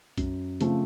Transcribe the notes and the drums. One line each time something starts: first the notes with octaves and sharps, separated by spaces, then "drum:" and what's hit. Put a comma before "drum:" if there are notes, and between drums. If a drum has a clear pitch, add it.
F#2, drum: kick, hi-hat
C#3 F3 A3 C4, drum: hi-hat